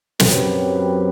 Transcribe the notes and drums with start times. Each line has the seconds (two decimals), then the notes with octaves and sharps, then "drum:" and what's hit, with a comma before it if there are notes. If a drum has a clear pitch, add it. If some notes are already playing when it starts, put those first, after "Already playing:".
0.20 F#2 F#3 C4 G4 B4, drum: snare